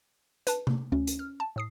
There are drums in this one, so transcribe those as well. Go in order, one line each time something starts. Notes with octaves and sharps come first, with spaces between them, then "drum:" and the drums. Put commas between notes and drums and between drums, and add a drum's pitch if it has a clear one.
B4 A5, drum: hi-hat
drum: tom C3
D2 C#4
drum: hi-hat
F6
A5
A2 D#6 C7